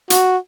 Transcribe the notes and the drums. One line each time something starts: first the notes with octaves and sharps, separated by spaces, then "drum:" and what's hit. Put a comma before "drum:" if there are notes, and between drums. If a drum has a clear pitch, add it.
F#4, drum: hi-hat